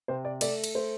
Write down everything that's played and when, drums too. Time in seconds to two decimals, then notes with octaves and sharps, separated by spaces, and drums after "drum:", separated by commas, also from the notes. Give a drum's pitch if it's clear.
0.08 C3 C5
0.25 D5
0.41 A3 D5, drum: cymbal
0.64 drum: cymbal
0.75 A3 C5